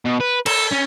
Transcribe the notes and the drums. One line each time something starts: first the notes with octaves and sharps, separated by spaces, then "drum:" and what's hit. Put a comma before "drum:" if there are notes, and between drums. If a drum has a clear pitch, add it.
B2
B4
A4, drum: cymbal
C#4